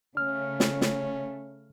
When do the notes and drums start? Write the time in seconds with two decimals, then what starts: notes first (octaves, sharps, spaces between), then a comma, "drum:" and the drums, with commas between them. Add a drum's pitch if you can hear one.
0.17 C#3 A3 C#4 F6
0.60 drum: snare
0.81 drum: snare